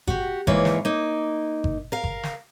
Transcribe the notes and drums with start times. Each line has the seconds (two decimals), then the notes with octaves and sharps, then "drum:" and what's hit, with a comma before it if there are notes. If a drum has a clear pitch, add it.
0.07 F#4 G4, drum: kick G1
0.47 E2 G#2 E3 A#3 B4 C#5, drum: kick G1
0.65 drum: snare
0.85 A#3 D#4
1.64 drum: kick G1
1.92 A#4 F5
2.04 drum: kick G1
2.23 drum: snare